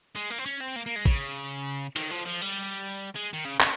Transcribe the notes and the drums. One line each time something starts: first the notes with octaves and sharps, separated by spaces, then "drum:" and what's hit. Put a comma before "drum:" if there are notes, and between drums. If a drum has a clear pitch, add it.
G#3
A#3
C4
C#4
C4
A#3
A#3
G#3
C#3, drum: kick A1
D#3, drum: cymbal
F3
F3
G3
G#3
D#3
C#3
C#3, drum: clap